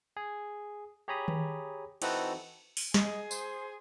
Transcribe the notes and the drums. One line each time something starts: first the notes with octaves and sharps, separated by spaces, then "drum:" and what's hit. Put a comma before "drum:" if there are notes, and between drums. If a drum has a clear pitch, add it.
G#4
G4 G#4 C#5 A#5 B5 D#6
drum: tom D#3
E3 C4 D#4 F#4 A4 B4, drum: cymbal
drum: open hi-hat
G#4 D#5, drum: snare
C5, drum: tambourine